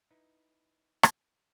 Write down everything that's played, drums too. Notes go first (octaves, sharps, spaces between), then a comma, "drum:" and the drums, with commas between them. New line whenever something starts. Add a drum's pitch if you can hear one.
D#4 E4 B4
drum: rim click